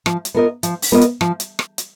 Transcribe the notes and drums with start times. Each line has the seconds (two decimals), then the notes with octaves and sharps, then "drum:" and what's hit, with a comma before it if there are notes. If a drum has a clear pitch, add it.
0.06 F3, drum: rim click
0.25 drum: hi-hat
0.34 B3 F4 A#4 D#5
0.63 F3, drum: hi-hat
0.82 drum: open hi-hat
0.92 B3 F4 A#4 D#5
1.01 drum: hi-hat
1.21 F3, drum: rim click
1.40 drum: hi-hat
1.59 drum: rim click
1.78 drum: hi-hat